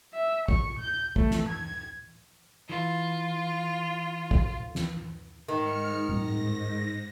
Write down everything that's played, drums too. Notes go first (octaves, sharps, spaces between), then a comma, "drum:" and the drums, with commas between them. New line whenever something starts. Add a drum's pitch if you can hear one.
E5
C#6, drum: kick
G6
A3, drum: kick
drum: snare
G#6
E3 F4
drum: kick
drum: snare
G#2 D#3 F6 C#7
G#2 A#6, drum: tom A2